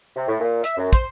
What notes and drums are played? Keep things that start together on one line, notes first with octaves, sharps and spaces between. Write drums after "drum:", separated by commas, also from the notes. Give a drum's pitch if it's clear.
C3
A2
A#2
E5, drum: hi-hat
F#2
C5, drum: kick, hi-hat